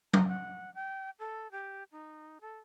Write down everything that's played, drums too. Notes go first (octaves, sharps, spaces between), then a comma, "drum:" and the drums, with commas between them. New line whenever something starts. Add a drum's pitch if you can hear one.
A#5, drum: tom F#3
F#5
G5
A4
G4
D#4
A4